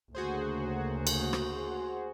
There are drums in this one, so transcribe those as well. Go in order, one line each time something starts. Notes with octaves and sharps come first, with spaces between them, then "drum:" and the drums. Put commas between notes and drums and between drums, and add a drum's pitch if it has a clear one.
D2 C#3 A#3 F#4 G#4 C5
drum: cymbal
drum: rim click